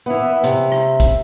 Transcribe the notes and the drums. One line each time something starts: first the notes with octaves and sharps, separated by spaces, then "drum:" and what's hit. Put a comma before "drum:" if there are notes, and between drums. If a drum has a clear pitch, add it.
E3 B3 E5
C3, drum: hi-hat
drum: rim click
drum: kick, hi-hat